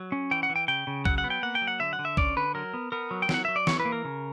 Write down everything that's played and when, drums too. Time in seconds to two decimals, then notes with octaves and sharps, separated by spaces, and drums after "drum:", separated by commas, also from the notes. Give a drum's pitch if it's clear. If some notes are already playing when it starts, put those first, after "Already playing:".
Already playing: F#3
0.12 C#4
0.31 E3 G5
0.43 F#5
0.49 E3
0.56 G5
0.68 C#3 G5
0.87 C#3
1.05 F#3 F#5, drum: kick
1.18 F#5
1.24 B3
1.30 G5
1.43 A#3 F#5
1.55 G5
1.62 F#3
1.67 F#5
1.80 D3 E5
1.93 F#5
1.99 D3
2.05 E5
2.17 C#4 D5, drum: kick
2.36 D3 B4
2.55 F#3 A#4
2.74 B3
2.92 B3 A#4
3.11 F#3
3.22 G5
3.29 F#3, drum: snare
3.34 F#5
3.45 F#3 E5
3.56 D5
3.67 E3 C#5, drum: snare
3.80 B4
3.85 A#3
3.92 A#4
4.05 C#3